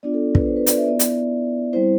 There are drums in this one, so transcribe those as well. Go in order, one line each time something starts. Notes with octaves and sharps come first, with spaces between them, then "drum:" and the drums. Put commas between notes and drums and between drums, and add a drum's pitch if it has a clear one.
B3 D4 F4 D5
A4
B4, drum: kick
C5
B4
D5, drum: hi-hat
E5
B3 E4 D5
drum: hi-hat
G3 C4 E4 C5